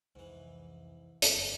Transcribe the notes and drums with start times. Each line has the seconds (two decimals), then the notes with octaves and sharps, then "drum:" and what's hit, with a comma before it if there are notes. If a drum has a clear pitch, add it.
0.15 C2 F2 G#2 E3
1.22 F#1 F2 F3, drum: hi-hat